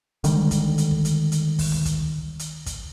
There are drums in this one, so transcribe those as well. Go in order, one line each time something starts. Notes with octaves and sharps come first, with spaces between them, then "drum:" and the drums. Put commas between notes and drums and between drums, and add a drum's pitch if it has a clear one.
D3 D#3 G3 G#3, drum: hi-hat
drum: kick, hi-hat
drum: hi-hat
drum: kick
drum: hi-hat
drum: hi-hat
drum: kick, open hi-hat
drum: tom C#2
drum: kick, hi-hat
drum: hi-hat
drum: kick, hi-hat